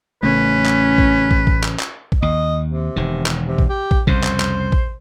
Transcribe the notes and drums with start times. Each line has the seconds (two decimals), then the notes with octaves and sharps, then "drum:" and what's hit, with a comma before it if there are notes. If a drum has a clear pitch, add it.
0.23 A1 C#3 A3 C#4 B4
0.66 drum: clap
0.98 drum: kick
1.31 drum: kick
1.47 drum: kick
1.63 drum: clap
1.79 drum: clap
2.12 drum: kick
2.22 D#2 D#5
2.67 C3
2.96 E1 D#3
3.26 drum: clap
3.45 C3
3.58 drum: kick
3.69 G4
3.91 drum: kick
4.07 C2 F2 C#3 C5, drum: kick
4.23 drum: clap
4.40 drum: clap
4.72 drum: kick